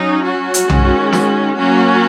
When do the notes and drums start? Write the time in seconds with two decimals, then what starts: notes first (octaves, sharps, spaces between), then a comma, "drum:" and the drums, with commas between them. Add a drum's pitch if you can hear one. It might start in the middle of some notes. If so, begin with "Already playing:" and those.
Already playing: F#3 C#4 D#4
0.26 F#4
0.54 drum: hi-hat
0.70 D#3 G#3 C#4, drum: tom B1
1.13 F#4, drum: snare
1.56 F#3 A#3 C#4 F#4